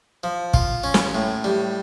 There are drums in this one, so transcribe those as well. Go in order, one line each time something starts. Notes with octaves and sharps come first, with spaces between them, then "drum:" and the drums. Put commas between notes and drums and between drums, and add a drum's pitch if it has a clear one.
F3
F4, drum: kick
C#4
drum: snare
A2
G3